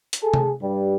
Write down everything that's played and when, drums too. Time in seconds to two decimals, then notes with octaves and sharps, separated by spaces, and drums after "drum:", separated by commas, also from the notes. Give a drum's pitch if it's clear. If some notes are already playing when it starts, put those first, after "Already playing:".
0.13 drum: hi-hat
0.22 G#4 A4
0.34 drum: tom C3
0.61 G2 G3